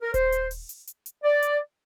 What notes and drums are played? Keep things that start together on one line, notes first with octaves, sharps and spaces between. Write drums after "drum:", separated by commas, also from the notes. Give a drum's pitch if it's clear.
A#4
C5, drum: kick D#1, hi-hat
drum: hi-hat
drum: open hi-hat
drum: hi-hat
drum: hi-hat
drum: hi-hat
D5
drum: hi-hat